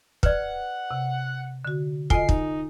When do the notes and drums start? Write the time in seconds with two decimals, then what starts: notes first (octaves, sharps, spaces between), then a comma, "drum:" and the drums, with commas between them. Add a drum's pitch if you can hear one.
0.23 B4 D5 F#5, drum: kick
0.91 C3
1.65 D3 F#4
2.10 F4 A4 D#5 G#5 C7, drum: kick
2.29 D#4, drum: kick